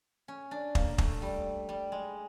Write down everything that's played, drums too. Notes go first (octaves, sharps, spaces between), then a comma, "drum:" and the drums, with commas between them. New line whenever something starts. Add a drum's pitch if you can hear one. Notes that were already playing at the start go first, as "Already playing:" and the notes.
C#4
D4
A#3, drum: kick
A3, drum: kick
G3
G3
G#3